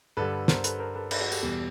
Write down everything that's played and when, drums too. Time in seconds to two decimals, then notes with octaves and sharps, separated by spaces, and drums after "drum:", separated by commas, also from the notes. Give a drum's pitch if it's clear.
0.17 G2 D3 G3 A4 B4
0.48 A#4 C5, drum: snare
0.64 A4 B4, drum: hi-hat
0.80 A#4 C5
0.95 A4 B4
1.11 A4 B4, drum: cymbal
1.21 F#4 G#4
1.32 G4 A4, drum: tambourine
1.43 E2 B2 G3